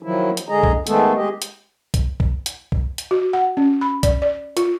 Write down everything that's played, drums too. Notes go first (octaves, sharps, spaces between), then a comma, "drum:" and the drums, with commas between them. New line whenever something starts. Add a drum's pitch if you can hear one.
D#3 F3 F#3 E4
drum: hi-hat
D3 G#3 G#4 D#5 A#5
drum: kick B1
D#3 G#3 A3 B3 A4, drum: hi-hat
G#3 G4 D#5
drum: hi-hat
drum: kick B1, hi-hat
drum: kick B1
drum: hi-hat
drum: kick B1
drum: hi-hat
F#4
F#5
C#4
B5
D5, drum: kick B1, hi-hat
D5
F4, drum: hi-hat